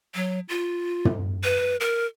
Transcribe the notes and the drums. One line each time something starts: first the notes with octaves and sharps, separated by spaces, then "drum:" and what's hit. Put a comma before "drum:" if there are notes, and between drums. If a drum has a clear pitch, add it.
F#3
F4
drum: tom
B4
A#4